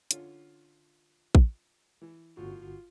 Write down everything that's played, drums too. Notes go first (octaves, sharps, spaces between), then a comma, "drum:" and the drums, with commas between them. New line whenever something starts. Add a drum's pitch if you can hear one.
D3 C#4 F4, drum: hi-hat
drum: kick A1
E3
G1 A2 F4 F#4